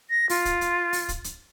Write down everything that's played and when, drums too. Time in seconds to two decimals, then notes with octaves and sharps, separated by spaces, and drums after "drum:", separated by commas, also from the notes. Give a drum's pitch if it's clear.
0.10 A#6
0.29 F4, drum: open hi-hat
0.45 drum: kick, hi-hat
0.61 drum: hi-hat
0.93 drum: open hi-hat
1.09 drum: kick, hi-hat
1.24 drum: hi-hat